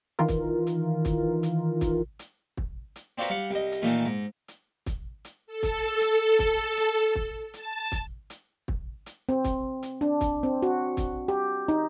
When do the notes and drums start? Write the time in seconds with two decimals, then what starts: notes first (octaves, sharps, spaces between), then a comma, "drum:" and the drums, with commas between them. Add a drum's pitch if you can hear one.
0.19 D#3 E3 F4 A#4
0.28 drum: kick, hi-hat
0.67 drum: hi-hat
1.05 drum: kick, hi-hat
1.43 drum: hi-hat
1.81 drum: kick, hi-hat
2.19 drum: hi-hat
2.57 drum: kick
2.96 drum: hi-hat
3.18 C4 D4 F4 F#4 A#4 B4
3.30 G3 F5 F#5
3.51 C2 D#5
3.72 drum: hi-hat
3.82 A#2 D#3 E3 A3 A#3
4.06 G#2
4.48 drum: hi-hat
4.86 drum: kick, hi-hat
5.25 drum: hi-hat
5.47 A4
5.63 drum: kick, hi-hat
6.01 drum: hi-hat
6.39 drum: kick, hi-hat
6.77 drum: hi-hat
7.15 drum: kick
7.54 A5, drum: hi-hat
7.92 drum: kick, hi-hat
8.30 drum: hi-hat
8.68 drum: kick
9.06 drum: hi-hat
9.29 C4
9.44 drum: kick, hi-hat
9.83 drum: hi-hat
10.01 D4
10.21 drum: kick, hi-hat
10.43 C4
10.63 F#4
10.97 drum: kick, hi-hat
11.28 G4
11.69 D#4